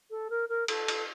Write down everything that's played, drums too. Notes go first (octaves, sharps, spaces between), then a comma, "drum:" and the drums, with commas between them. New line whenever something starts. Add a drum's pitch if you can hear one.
A4
A#4
A#4
A4, drum: cymbal
drum: cymbal